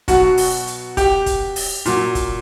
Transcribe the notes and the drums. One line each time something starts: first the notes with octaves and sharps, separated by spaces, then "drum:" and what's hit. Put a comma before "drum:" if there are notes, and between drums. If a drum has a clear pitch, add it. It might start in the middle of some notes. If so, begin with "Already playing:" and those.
B2 F#3 F#4, drum: kick, hi-hat
drum: open hi-hat
drum: hi-hat
G4, drum: kick, hi-hat
drum: kick, hi-hat
drum: open hi-hat
A#2 F#3, drum: hi-hat
drum: kick, hi-hat